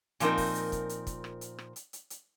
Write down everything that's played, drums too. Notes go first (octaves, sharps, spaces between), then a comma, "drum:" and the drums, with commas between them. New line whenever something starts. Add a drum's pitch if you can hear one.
A#2 F3 C4 D#4 A#4, drum: hi-hat
drum: kick, open hi-hat
drum: hi-hat
drum: kick, hi-hat
drum: hi-hat
drum: kick, hi-hat
drum: rim click
drum: hi-hat
drum: rim click
drum: hi-hat
drum: hi-hat
drum: hi-hat